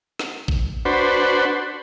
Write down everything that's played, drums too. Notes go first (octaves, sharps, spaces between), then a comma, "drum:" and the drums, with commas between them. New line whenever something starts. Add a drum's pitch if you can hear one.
drum: snare
drum: kick A1
D4 F#4 B4 C5